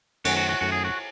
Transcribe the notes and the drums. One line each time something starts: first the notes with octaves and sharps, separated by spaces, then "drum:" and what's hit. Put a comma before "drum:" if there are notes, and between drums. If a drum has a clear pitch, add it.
F#2 D#3 A3 C#4 F#4, drum: cymbal
F#4
F#4
F#2 D#3 A3 C#4 F#4
G#4
F#4